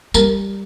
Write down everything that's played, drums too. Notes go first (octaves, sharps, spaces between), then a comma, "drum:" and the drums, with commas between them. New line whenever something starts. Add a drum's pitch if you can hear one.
G3 A#4, drum: tambourine